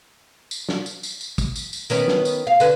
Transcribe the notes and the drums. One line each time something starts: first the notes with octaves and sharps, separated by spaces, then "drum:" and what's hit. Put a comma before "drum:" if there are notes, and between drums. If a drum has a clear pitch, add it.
drum: tambourine
drum: snare
drum: tambourine
drum: tambourine
drum: tambourine
drum: kick, tambourine
drum: tambourine
drum: tambourine
D#3 B3 C#4, drum: tambourine
drum: snare
drum: tambourine
F5
D3 B4, drum: tambourine